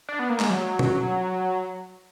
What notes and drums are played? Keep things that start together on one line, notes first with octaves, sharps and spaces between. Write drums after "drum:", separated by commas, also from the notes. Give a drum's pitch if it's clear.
D4
B3
A#3
G#3, drum: clap
F#3
drum: tom B2